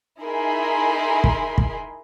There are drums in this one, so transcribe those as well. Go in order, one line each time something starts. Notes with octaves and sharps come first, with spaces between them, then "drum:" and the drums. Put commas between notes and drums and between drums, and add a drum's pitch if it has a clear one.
D#4 E4 G#4 A#4 B5 C6
drum: kick
drum: kick